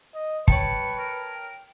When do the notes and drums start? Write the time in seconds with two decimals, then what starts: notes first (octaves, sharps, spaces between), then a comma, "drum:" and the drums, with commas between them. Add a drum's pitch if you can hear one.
0.14 D#5
0.48 B4 C#5 G5 A5 C#6, drum: kick
0.99 A#4
1.35 G5